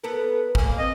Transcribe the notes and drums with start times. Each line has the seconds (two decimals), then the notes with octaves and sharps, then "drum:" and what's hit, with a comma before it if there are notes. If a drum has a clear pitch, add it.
0.04 B3 A4 A#4
0.16 B4
0.55 G2 A#3 G#5, drum: kick
0.79 C4 D#5